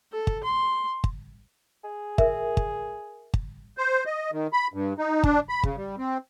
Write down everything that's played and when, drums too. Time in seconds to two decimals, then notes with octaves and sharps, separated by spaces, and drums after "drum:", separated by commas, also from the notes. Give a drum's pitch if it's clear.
0.13 A4
0.27 drum: kick
0.43 C6
1.04 drum: kick
1.84 G#4
2.18 A#4 E5, drum: kick
2.57 drum: kick
3.34 drum: kick
3.78 C5
4.06 D#5
4.32 D#3
4.53 B5
4.74 G2
4.98 D#4
5.23 D4, drum: kick
5.49 B5
5.63 C#3, drum: kick
5.77 G3
5.98 C4